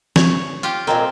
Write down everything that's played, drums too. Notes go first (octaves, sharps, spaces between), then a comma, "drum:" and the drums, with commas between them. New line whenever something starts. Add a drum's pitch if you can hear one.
C#5, drum: snare
F4 G4
A#2 G#3 C4 A#4